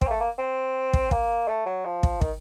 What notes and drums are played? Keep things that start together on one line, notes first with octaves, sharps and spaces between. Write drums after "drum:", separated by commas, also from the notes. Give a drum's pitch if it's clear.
C4, drum: kick
A#3
A3
A#3
C4
drum: kick
A#3, drum: kick
A3
F#3
F3
drum: kick
D#3, drum: kick